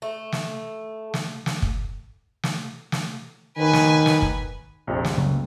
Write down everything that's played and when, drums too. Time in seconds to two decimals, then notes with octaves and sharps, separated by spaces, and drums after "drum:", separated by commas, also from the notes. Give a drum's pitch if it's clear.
0.02 A3
0.32 drum: snare
1.14 drum: snare
1.46 drum: snare
1.62 drum: kick
2.44 drum: snare
2.92 drum: snare
3.57 D#3 B4 G#5
3.73 drum: snare
4.06 drum: snare
4.22 drum: kick
4.87 A#1 F2 C3
5.05 C#2, drum: snare
5.18 C#3 F#3 A#3